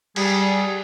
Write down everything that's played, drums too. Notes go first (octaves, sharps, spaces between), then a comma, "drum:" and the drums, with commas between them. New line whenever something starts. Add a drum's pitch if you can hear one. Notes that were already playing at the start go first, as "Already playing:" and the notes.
G3 G#4, drum: cymbal